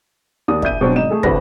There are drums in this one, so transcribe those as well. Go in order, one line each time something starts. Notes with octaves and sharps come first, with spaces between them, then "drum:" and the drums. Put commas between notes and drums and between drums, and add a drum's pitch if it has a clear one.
D#2 D5 D#6
A#1 E5 G6 D#7, drum: kick
B2 F#3 C4 D4
G#1 D#4 E7
A3 G#4 A4
A1 D2 A3 C4 B4 A#6, drum: kick